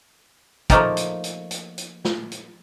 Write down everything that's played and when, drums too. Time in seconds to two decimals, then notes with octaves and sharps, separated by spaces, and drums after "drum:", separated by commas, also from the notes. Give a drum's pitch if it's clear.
0.70 F3 A3 A#3 D#4 A4 A#4, drum: kick, hi-hat
0.97 drum: hi-hat
1.24 drum: hi-hat
1.51 drum: hi-hat
1.78 drum: hi-hat
2.05 drum: snare
2.32 drum: hi-hat